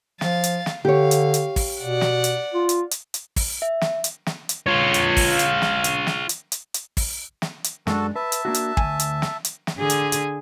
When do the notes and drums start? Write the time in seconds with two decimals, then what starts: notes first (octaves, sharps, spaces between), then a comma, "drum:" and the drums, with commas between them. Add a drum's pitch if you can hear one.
0.21 F3 F5 A6, drum: snare
0.44 drum: hi-hat
0.66 drum: snare
0.85 D3 G4 C#5 F5
1.11 drum: hi-hat
1.34 drum: hi-hat
1.56 drum: kick, open hi-hat
1.82 B2 D5 F#5
2.01 drum: snare
2.24 drum: hi-hat
2.54 F4
2.69 drum: hi-hat
2.91 drum: hi-hat
3.14 drum: hi-hat
3.36 drum: kick, open hi-hat
3.62 E5
3.81 drum: snare
4.04 drum: hi-hat
4.26 drum: snare
4.49 drum: hi-hat
4.66 F4 C#5
4.94 drum: hi-hat
5.17 drum: kick, open hi-hat
5.39 drum: hi-hat
5.62 drum: snare
5.84 drum: hi-hat
6.07 drum: snare
6.29 drum: hi-hat
6.52 drum: hi-hat
6.74 drum: hi-hat
6.97 drum: kick, open hi-hat
7.42 drum: snare
7.64 drum: hi-hat
7.87 F#2 G#3 D4 F#4 A4, drum: snare
8.16 B4 E5 A5
8.32 drum: hi-hat
8.45 A#3 D4 F#4
8.54 drum: hi-hat
8.77 D2 E3 G#5, drum: kick
9.00 drum: hi-hat
9.22 drum: snare
9.45 drum: hi-hat
9.67 drum: snare
9.78 D3 G#4
9.90 drum: hi-hat
10.12 drum: hi-hat